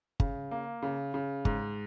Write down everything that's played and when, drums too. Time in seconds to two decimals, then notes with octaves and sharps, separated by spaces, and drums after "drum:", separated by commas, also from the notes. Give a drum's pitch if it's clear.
0.20 C#3, drum: kick G1
0.51 A#3
0.82 C#3
1.14 C#3
1.45 G#2, drum: kick G1